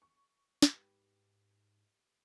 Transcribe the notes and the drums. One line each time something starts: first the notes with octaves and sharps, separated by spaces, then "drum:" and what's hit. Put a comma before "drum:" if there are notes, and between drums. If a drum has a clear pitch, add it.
C#6
drum: snare
G#2 G4 B4